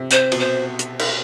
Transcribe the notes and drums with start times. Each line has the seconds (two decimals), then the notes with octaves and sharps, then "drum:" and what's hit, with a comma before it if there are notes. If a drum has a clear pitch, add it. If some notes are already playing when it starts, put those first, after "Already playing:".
Already playing: C3
0.11 C4 C5, drum: hi-hat
0.32 B2, drum: cymbal
0.39 C5
0.79 drum: hi-hat
0.99 drum: cymbal